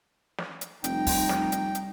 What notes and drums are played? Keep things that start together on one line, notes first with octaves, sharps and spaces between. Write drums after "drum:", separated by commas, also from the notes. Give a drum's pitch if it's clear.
drum: snare
drum: hi-hat
F1 G3 D#4 G5, drum: hi-hat
drum: kick, open hi-hat
drum: snare
drum: hi-hat
drum: hi-hat